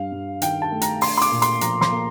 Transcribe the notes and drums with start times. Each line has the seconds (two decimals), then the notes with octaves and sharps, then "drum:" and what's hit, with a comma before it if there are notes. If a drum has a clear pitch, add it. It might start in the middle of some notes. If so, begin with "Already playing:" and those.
Already playing: G2 F5
0.12 G2
0.42 D#3 G5, drum: hi-hat
0.62 A5
0.72 A3
0.82 A#5, drum: hi-hat
1.01 D4 C6, drum: open hi-hat
1.18 C6
1.22 D6, drum: hi-hat
1.31 A#2
1.42 C6, drum: hi-hat
1.61 F3 A#5, drum: hi-hat
1.81 C6, drum: snare
1.92 A#3